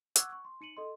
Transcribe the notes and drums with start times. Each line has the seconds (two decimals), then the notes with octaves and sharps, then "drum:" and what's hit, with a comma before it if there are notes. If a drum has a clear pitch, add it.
0.16 F#5 C#6 D6 E6 F#6 G#6, drum: hi-hat
0.32 C#6
0.45 C6
0.61 D#4 C#7 D#7 F#7
0.77 A4 D#5 C6